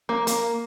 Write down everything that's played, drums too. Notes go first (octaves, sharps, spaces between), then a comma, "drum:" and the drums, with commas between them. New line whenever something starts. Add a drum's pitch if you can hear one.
A#3
A#3, drum: hi-hat